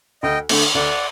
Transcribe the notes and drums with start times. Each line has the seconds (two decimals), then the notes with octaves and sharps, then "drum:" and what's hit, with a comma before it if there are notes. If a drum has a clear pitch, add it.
0.23 D2 D#5 G5
0.49 D3 A3, drum: cymbal
0.75 D2 D5 F#5